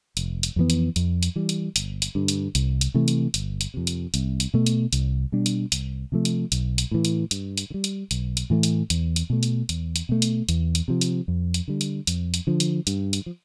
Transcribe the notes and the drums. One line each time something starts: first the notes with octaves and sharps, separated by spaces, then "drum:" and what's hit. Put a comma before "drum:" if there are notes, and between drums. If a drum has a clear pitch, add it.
F1, drum: hi-hat
drum: hi-hat
F2 E3 B3
drum: hi-hat
F2, drum: hi-hat
drum: hi-hat
E3 G3
drum: hi-hat
G1, drum: hi-hat
drum: hi-hat
G2 D3
drum: hi-hat
C2, drum: hi-hat
drum: hi-hat
C3 E3 A3
drum: hi-hat
G1, drum: hi-hat
drum: hi-hat
F2 C3
drum: hi-hat
C2, drum: hi-hat
drum: hi-hat
B2 A3
drum: hi-hat
C2, drum: hi-hat
B2 G3 D4
drum: hi-hat
C2, drum: hi-hat
C3 F3 A3
drum: hi-hat
B1, drum: hi-hat
drum: hi-hat
A2 E3
drum: hi-hat
G2, drum: hi-hat
drum: hi-hat
D3
G3
drum: hi-hat
B1, drum: hi-hat
drum: hi-hat
A2 E3 A3
drum: hi-hat
E2, drum: hi-hat
drum: hi-hat
B2 A3
drum: hi-hat
E2, drum: hi-hat
drum: hi-hat
B2 A3
drum: hi-hat
E2, drum: hi-hat
drum: hi-hat
C3 F3
drum: hi-hat
F2
drum: hi-hat
D3 G3
drum: hi-hat
F2, drum: hi-hat
drum: hi-hat
D3 F3
drum: hi-hat
G2, drum: hi-hat
drum: hi-hat
F3